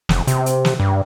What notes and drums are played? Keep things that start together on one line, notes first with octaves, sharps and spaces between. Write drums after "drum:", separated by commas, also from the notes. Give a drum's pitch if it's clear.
F1, drum: snare
C3, drum: hi-hat
drum: hi-hat
drum: snare
G2